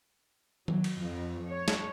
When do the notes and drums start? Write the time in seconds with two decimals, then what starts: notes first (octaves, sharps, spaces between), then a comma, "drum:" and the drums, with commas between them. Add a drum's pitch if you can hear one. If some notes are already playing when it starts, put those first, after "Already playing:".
0.68 F#3, drum: tom D#3
0.84 drum: cymbal
1.02 F2
1.49 C#5
1.68 drum: snare